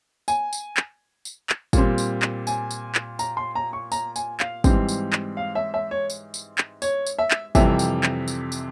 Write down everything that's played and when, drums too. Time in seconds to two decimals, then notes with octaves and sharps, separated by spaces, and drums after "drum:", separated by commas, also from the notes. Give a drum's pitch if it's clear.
0.28 G#5, drum: tambourine
0.53 drum: tambourine
0.77 drum: clap
1.25 drum: tambourine
1.50 drum: clap
1.73 A#2 G3 C4, drum: kick, tambourine
1.98 drum: tambourine
2.22 drum: clap
2.47 G#5, drum: tambourine
2.71 drum: tambourine
2.95 drum: clap
3.19 A#5, drum: tambourine
3.37 C6
3.55 A#5
3.73 C#6
3.92 A#5, drum: tambourine
4.16 G#5, drum: tambourine
4.40 F5, drum: clap
4.64 G#2 E3 G3 C4, drum: kick, tambourine
4.89 drum: tambourine
5.13 drum: clap
5.37 F5
5.55 E5
5.74 E5
5.91 C#5
6.10 drum: tambourine
6.34 drum: tambourine
6.58 drum: clap
6.82 C#5, drum: tambourine
7.07 drum: tambourine
7.19 E5
7.31 drum: clap
7.55 F2 C3 E3 G3 E5, drum: kick, tambourine
7.79 drum: tambourine
8.03 drum: clap
8.28 drum: tambourine
8.52 drum: tambourine